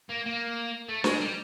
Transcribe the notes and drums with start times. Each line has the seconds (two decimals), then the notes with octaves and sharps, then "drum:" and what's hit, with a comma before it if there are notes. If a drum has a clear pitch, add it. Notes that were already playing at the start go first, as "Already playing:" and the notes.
0.09 A#3
0.25 A#3
0.88 A3
1.04 G#3, drum: snare
1.20 G3